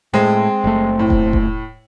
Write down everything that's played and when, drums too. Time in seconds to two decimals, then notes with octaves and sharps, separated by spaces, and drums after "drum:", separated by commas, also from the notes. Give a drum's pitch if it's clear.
0.14 A2 G#3 C4
0.64 F#1 A3
0.99 A2
1.10 drum: kick E1
1.33 drum: kick E1